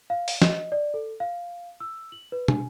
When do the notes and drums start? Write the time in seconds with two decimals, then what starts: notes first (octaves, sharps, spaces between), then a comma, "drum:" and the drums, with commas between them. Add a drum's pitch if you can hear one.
0.10 F5
0.28 drum: open hi-hat
0.42 D#5, drum: snare
0.72 D5
0.94 A4
1.20 F5
1.80 E6
2.12 F#7
2.32 B4
2.48 G#5, drum: tom